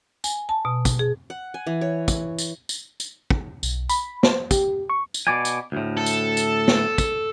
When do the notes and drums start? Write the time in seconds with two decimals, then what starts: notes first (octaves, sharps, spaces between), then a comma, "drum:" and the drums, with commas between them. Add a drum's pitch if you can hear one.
0.24 G#5, drum: tambourine
0.49 A5
0.65 B2
0.85 drum: kick, tambourine
0.99 G#4
1.30 F#5
1.54 G#5
1.67 E3
1.81 C#5
2.08 drum: kick, tambourine
2.39 drum: tambourine
2.69 drum: tambourine
3.00 drum: tambourine
3.30 drum: kick
3.63 B1, drum: tambourine
3.89 B5, drum: tambourine
4.23 C5, drum: snare
4.51 G4, drum: kick, tambourine
4.90 C#6
5.14 drum: tambourine
5.27 B2 D5 G#5
5.45 drum: tambourine
5.72 D2 A2
5.97 A4
6.06 drum: tambourine
6.37 drum: tambourine
6.68 drum: snare
6.98 drum: kick, tambourine